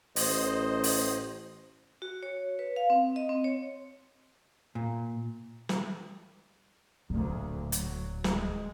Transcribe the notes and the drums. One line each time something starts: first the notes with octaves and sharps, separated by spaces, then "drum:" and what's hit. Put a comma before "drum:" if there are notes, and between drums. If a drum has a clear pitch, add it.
A1 C5 D#5, drum: open hi-hat
drum: open hi-hat
F#4
C#5
B4
F5
C4
D#5
C4
C#5
A#2
drum: snare
D1 D2 A#2
F#3, drum: hi-hat
G#3, drum: snare